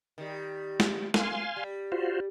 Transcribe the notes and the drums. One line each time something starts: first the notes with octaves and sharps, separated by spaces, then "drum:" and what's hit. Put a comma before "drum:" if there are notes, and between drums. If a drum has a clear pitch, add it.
D#3 G3
drum: snare
F5 G#5 C6, drum: snare
G3
F4 F#4 C5